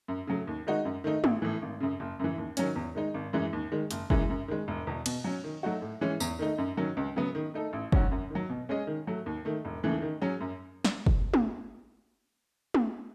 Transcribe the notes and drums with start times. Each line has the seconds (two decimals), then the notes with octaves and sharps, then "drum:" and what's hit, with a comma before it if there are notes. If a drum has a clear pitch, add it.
0.08 F#2
0.27 C#3 F#3 A3
0.47 D#2
0.67 D#3 G#3 D#4 F#4
0.85 F#2
1.04 D#3 A3 D#4
1.24 A1, drum: tom
1.42 A2 E3
1.62 G#1
1.80 F#2 C#3
2.00 F#1
2.19 F#2 C#3 E3
2.38 D#2
2.57 D#3 F#3 C#4, drum: hi-hat
2.76 E2
2.95 D#3 G#3 D#4
3.14 G#1
3.33 F#2 E3 G#3
3.53 D#2
3.72 D#3 G#3
3.91 F#1, drum: hi-hat
4.10 F#2 E3 G#3, drum: kick F#1
4.30 F#2
4.48 D#3 G#3
4.68 E1
4.87 E2 B2
5.06 B2, drum: cymbal
5.24 F#3 C#4
5.44 D#3
5.63 F#3 A3 D#4 F#4
5.82 A2
6.01 E3 G#3 C#4
6.20 E2, drum: tambourine
6.39 D#3 A3 D#4
6.58 F#2
6.77 D#3 F#3 C#4
6.97 C#2
7.16 C#3 F#3 B3
7.35 D#3
7.54 A3 D#4 A4
7.73 A1
7.92 G#2 F#3 C#4 F#4, drum: kick F#1
8.11 F#2
8.30 D#3 F#3
8.50 B2
8.69 G#3 C#4 G#4 D#5
8.87 D#3
9.07 F#3 A3
9.26 D#2
9.45 D#3 A3
9.65 E1
9.83 D#2 C#3 E3 A3
10.02 D#3
10.21 F#3 C#4 G#4
10.41 F#2
10.85 drum: snare
11.06 drum: kick F#1
11.34 drum: tom
12.74 drum: tom